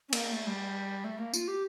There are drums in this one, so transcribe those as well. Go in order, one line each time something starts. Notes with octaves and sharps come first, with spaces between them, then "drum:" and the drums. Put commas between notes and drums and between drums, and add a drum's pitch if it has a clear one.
C#4
A#3, drum: cymbal
A#3
A3
G3
A3
A#3
F4, drum: tambourine
G4